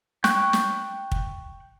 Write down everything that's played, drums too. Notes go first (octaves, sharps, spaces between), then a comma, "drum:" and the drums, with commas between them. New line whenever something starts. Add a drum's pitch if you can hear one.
G5 C#6 F#6, drum: snare
drum: snare
drum: kick